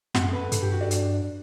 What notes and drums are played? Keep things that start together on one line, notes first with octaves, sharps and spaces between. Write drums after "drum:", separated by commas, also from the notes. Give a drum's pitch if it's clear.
F#2 F#5, drum: snare
A4
B4
G2 A4, drum: hi-hat
G4
F#4
D4
drum: hi-hat